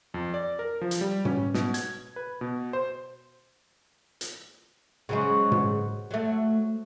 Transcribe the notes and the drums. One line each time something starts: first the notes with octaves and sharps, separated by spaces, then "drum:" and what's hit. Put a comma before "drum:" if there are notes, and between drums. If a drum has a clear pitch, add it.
F2
D5
A#4
F3
drum: hi-hat
G3
C#4, drum: tom
B2, drum: snare
G#6, drum: hi-hat
B4
B2
C5
drum: hi-hat
C#3 F#3 G#3 F#4 C5
drum: tom
F#3 A3